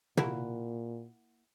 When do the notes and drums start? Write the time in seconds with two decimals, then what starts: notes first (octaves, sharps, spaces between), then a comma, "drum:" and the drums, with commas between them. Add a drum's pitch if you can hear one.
0.17 A#2 A#3 E4 F#4, drum: tom